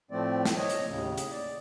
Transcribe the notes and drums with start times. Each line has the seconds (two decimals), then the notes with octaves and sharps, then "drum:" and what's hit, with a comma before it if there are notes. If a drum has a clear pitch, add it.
0.11 A2 F3 A3 C4 D5
0.45 drum: snare
0.57 C#5 D#5
0.69 drum: hi-hat
0.87 D#2 A2 C#3
1.17 G#4, drum: hi-hat
1.31 D5